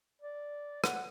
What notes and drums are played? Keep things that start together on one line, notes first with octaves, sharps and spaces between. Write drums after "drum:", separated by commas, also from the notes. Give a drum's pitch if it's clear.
D5
F#5, drum: rim click